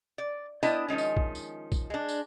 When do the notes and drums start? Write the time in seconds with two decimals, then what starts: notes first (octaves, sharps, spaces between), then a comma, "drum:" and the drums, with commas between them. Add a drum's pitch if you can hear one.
0.18 D5
0.63 B3 D4 E4 D#5 G5 A5, drum: tambourine
0.88 D#3 F3 G#3 C#4
0.98 drum: tambourine
1.17 drum: kick A#1
1.35 drum: tambourine
1.72 drum: kick A#1, tambourine
1.90 G#3 D4
2.08 drum: tambourine